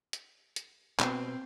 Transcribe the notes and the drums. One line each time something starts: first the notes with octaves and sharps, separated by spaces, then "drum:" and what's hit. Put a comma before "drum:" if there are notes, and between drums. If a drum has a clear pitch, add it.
drum: hi-hat
drum: hi-hat
B2 B3 C4, drum: clap